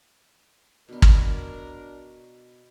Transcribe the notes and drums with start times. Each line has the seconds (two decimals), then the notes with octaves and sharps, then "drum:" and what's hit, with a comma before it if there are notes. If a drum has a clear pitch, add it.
0.89 B2 B3 D4 A#4
1.02 drum: kick